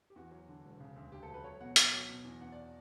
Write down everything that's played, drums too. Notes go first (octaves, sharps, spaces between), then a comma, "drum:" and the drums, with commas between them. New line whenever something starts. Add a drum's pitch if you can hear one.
G4
E2 F#4
F#3
D3
E1
C#3
D2
D2 G4
A4
F#3
B4
F#3 C#5
B2 F#5
B1, drum: hi-hat
F#3
B2
E2
E2 F#5
D5